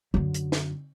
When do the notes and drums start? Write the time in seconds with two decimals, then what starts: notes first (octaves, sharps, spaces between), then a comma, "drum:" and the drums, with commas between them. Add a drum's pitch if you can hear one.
0.14 F#2 D3
0.34 drum: hi-hat
0.52 drum: snare